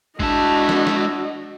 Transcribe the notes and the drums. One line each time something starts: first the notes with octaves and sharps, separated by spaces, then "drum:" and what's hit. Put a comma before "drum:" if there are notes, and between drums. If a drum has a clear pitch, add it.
G#3 D4 E4 F#4 D#5 A5, drum: kick G#1
drum: snare
drum: snare